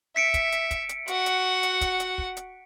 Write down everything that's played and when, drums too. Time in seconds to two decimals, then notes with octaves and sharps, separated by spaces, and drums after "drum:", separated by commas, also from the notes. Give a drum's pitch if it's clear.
0.16 E5 B6 C#7 D7
0.34 drum: kick, hi-hat
0.52 drum: hi-hat
0.71 drum: kick, hi-hat
0.89 drum: hi-hat
1.08 F#4 F#5, drum: hi-hat
1.26 drum: hi-hat
1.63 drum: hi-hat
1.81 drum: kick, hi-hat
2.00 drum: hi-hat
2.18 drum: kick
2.37 drum: hi-hat